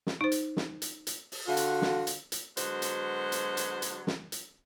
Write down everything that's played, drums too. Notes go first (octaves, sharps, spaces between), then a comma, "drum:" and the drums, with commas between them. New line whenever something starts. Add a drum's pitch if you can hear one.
drum: snare
D#4 C5
drum: hi-hat
drum: snare
drum: hi-hat
drum: hi-hat
drum: open hi-hat
D3 F4 F#4
drum: hi-hat
drum: snare
drum: hi-hat
drum: hi-hat
D3 F#3 G#3 B3 F#4 C5, drum: hi-hat
drum: hi-hat
drum: hi-hat
drum: hi-hat
drum: hi-hat
drum: snare
drum: hi-hat